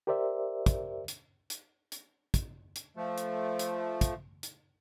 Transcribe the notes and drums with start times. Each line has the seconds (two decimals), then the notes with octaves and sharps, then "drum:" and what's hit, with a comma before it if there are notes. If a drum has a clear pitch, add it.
0.07 G4 A#4 C5 D5 E5
0.66 drum: kick, hi-hat
1.08 drum: hi-hat
1.50 drum: hi-hat
1.92 drum: hi-hat
2.34 drum: kick, hi-hat
2.76 drum: hi-hat
2.97 F3 A3
3.18 drum: hi-hat
3.59 drum: hi-hat
4.01 drum: kick, hi-hat
4.43 drum: hi-hat